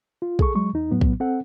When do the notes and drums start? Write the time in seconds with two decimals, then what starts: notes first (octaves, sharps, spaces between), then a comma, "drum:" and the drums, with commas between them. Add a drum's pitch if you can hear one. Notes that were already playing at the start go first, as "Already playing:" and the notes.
0.22 F4
0.39 G#4 A4 C#6, drum: kick
0.55 F#3 G#3 C#6
0.73 E2 D#4
0.91 A2 F#3 B3
1.01 drum: kick
1.20 C4 A4 F#5